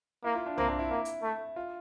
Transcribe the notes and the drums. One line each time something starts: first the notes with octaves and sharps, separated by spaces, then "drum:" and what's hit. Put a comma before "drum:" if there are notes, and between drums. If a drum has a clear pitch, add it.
A#3 E4
F4
D4
A#3 C4, drum: tom B1
D4
E4
A#3
drum: hi-hat
A3
F4